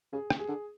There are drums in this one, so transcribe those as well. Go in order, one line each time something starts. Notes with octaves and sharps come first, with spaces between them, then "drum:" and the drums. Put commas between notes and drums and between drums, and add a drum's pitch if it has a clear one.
C#3 G#4
C#3, drum: rim click
G#4
D3